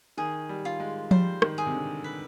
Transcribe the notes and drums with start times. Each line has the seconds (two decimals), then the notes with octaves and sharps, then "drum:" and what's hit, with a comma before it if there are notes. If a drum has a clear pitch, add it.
0.18 D#3 G#4
0.49 G3
0.65 F4
0.80 G#3
1.11 G3 C5, drum: tom F3
1.42 D#3, drum: rim click
1.58 G#4
1.66 C3
1.74 D3
2.04 B4